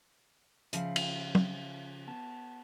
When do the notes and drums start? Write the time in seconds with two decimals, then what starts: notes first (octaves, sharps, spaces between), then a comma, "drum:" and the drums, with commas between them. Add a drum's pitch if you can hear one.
0.73 C#3 F3 E5 F5, drum: hi-hat
0.96 drum: cymbal
1.35 drum: tom
2.07 B3 A5